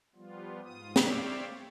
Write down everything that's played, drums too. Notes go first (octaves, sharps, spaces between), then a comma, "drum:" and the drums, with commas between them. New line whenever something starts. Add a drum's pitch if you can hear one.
F3 G3 B3 F4
G#2 F4 D#6
C4 C#5 D5 E5 F5 G5, drum: snare